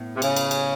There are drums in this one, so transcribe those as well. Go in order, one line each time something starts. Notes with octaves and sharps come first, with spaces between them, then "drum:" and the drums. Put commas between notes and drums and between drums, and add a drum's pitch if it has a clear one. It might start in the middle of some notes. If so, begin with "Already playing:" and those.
Already playing: A2 B3
C3
C#3, drum: cymbal
drum: cymbal
drum: cymbal